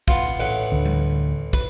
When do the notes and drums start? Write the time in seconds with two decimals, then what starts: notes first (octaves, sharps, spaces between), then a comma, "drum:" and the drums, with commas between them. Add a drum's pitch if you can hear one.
0.08 B3 F4, drum: kick
0.40 A1 B4 F#5
0.72 D2
0.86 drum: tom G3
1.53 B4, drum: kick